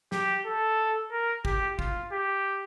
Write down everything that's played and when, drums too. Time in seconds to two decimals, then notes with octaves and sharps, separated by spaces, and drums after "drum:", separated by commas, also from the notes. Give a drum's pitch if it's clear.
0.12 G4, drum: snare
0.46 A4
1.11 A#4
1.45 G4, drum: kick
1.79 F4, drum: kick
2.12 G4